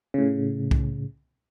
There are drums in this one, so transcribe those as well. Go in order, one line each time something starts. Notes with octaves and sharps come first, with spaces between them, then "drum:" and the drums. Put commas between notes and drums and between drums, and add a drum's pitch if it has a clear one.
A2 C#3
drum: kick C2